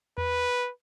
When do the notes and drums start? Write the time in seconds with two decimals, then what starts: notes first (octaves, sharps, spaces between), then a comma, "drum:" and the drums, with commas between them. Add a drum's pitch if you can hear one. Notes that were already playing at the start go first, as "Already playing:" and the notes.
0.18 B4, drum: tom E2